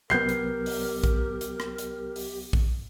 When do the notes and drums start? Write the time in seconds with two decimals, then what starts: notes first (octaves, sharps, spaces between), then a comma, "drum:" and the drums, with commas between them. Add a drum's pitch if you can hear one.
0.10 C2 F#3 B3 G4 A#4 G6 C7, drum: rim click
0.29 drum: hi-hat
0.66 drum: open hi-hat
1.04 drum: kick A#1, hi-hat
1.41 drum: hi-hat
1.60 drum: rim click
1.78 drum: hi-hat
2.16 drum: open hi-hat
2.53 drum: kick A#1